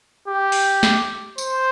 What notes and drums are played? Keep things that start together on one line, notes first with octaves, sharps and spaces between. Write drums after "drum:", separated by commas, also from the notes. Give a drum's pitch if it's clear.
G4
drum: open hi-hat
drum: snare
C5, drum: tambourine